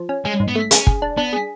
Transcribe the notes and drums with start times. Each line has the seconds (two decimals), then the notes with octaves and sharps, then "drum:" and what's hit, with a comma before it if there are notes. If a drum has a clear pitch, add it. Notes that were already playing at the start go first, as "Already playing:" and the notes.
Already playing: F3
0.09 C#4
0.25 G#3 C#4
0.40 G#2
0.48 B3
0.55 A3
0.71 C#4 G#4, drum: hi-hat
0.87 G#4, drum: kick
1.02 D4
1.17 B3 D4
1.33 G#4